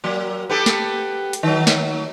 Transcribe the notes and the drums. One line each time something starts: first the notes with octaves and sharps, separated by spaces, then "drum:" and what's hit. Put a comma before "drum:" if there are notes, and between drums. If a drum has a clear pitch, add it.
F#3 A#3
B3 G4 A4
drum: snare
drum: hi-hat
D#3 F#3
drum: snare